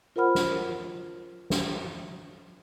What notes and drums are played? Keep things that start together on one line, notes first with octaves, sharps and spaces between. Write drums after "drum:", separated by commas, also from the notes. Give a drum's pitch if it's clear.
F4 A#4 C5 F#5 B5 F6
drum: snare
drum: snare